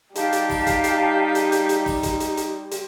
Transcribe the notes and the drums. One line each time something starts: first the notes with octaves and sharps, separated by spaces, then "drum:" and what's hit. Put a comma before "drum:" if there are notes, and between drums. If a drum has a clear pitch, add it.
G3 D#4 G4 F5 G5 A5, drum: hi-hat
drum: hi-hat
drum: kick, open hi-hat
drum: kick, hi-hat
drum: hi-hat
drum: hi-hat
drum: hi-hat
drum: hi-hat
drum: kick, open hi-hat
drum: kick, hi-hat
drum: hi-hat
drum: hi-hat
drum: hi-hat